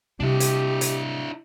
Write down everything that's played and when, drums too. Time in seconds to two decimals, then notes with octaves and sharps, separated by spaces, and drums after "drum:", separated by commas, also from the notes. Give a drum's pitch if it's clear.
0.20 C3 G3 D4 E4 G4
0.40 drum: hi-hat
0.81 drum: hi-hat